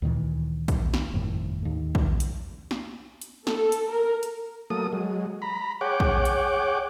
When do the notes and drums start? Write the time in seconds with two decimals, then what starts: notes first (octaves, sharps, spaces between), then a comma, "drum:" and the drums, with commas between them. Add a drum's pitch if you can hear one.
0.02 D2 A#2 D#3 E3
0.68 drum: kick, hi-hat
0.94 drum: snare
1.13 G1 F2 A2 D#3
1.62 D#2 A2
1.95 drum: kick
2.20 drum: hi-hat
2.71 drum: snare
3.22 drum: hi-hat
3.47 A4, drum: snare
3.72 drum: hi-hat
3.89 A#4
4.23 drum: hi-hat
4.70 F#3 A3 A#3 A4 D#6
4.93 F#3 G#3
5.42 A#5 B5
5.81 G#4 C#5 F#5 G5 D6
6.00 drum: kick
6.25 drum: hi-hat